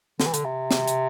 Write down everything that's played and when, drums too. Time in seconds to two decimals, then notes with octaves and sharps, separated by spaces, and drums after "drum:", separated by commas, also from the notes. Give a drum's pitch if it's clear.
0.20 D3, drum: snare
0.27 E3
0.34 D3, drum: hi-hat
0.45 C3
0.71 drum: snare
0.88 drum: hi-hat